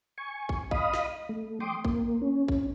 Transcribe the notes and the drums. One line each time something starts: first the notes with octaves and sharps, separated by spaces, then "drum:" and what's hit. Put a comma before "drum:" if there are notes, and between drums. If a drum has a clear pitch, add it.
G#5 C#6
drum: kick
D#5 F5 B5 D#6, drum: kick
drum: snare
A3
G5 C6 D6 D#6, drum: tom
A#3, drum: kick
C#4
drum: kick